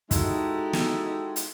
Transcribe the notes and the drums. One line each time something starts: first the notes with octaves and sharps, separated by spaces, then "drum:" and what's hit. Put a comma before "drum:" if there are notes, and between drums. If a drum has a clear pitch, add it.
G#3 D#4 E4 F#4 G4 A4, drum: kick, hi-hat
drum: snare
drum: hi-hat